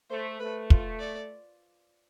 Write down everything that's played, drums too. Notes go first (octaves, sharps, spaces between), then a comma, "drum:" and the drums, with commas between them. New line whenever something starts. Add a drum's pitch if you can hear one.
A3 C5
A3 B4
F4, drum: kick
D5